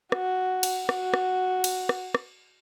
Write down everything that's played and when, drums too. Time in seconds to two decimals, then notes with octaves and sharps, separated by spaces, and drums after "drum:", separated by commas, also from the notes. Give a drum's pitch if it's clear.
0.12 F#4, drum: rim click
0.63 drum: cymbal
0.89 F#4, drum: rim click
1.14 drum: rim click
1.64 drum: cymbal
1.89 drum: rim click
2.15 drum: rim click